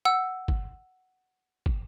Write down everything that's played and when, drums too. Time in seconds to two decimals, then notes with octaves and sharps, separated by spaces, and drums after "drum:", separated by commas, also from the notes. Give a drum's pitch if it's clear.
0.05 F#5 E6
0.48 drum: kick
1.66 drum: kick